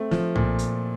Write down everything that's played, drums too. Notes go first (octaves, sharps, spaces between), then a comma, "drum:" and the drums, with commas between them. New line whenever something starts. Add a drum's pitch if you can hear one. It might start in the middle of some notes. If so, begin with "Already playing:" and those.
Already playing: A3 C4
F3, drum: snare
A#2, drum: tom
drum: hi-hat